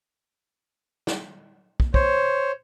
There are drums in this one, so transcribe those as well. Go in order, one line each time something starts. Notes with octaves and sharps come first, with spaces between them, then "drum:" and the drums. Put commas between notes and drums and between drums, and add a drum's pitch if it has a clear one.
drum: snare
drum: kick
C5 C#5, drum: kick